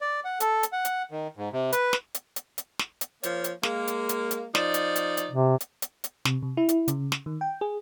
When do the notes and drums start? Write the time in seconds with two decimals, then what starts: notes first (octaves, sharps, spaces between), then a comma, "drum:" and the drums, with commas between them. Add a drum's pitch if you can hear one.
0.01 D5
0.25 F#5
0.40 A4, drum: hi-hat
0.63 drum: hi-hat
0.72 F#5
0.85 drum: hi-hat
1.11 D#3
1.37 G#2
1.53 C3
1.72 B4, drum: hi-hat
1.93 drum: snare
2.14 drum: hi-hat
2.36 drum: hi-hat
2.58 drum: hi-hat
2.79 drum: snare
3.01 drum: hi-hat
3.23 F3 A#3 C#5, drum: hi-hat
3.44 drum: hi-hat
3.63 G#3 A#3, drum: snare
3.87 drum: hi-hat
4.09 drum: hi-hat
4.31 drum: hi-hat
4.55 F3 D#4 D5, drum: snare
4.74 drum: hi-hat
4.96 drum: hi-hat
5.17 drum: hi-hat
5.31 C3
5.60 drum: hi-hat
5.82 drum: hi-hat
6.04 drum: hi-hat
6.25 C3, drum: snare
6.43 C3
6.57 E4
6.69 drum: hi-hat
6.88 C#3, drum: hi-hat
7.12 drum: snare
7.26 D#3
7.41 G5
7.61 G#4